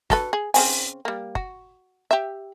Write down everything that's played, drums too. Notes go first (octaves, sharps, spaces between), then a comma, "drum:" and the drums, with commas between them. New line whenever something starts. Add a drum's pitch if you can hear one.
F#4 A4 B4, drum: snare
G#4
C#3 C4 G#5, drum: open hi-hat
G3 A#3
F#4, drum: kick
G4 E5